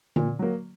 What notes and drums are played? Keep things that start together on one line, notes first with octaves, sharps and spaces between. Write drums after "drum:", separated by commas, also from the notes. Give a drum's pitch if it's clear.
A#2, drum: tom D3
F#3 A#3